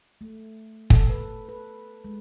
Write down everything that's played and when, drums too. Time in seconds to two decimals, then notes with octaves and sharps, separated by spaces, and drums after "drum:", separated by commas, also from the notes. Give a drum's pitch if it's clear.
0.21 A3
0.90 A4, drum: kick
1.10 B4
1.49 B4
2.05 G#3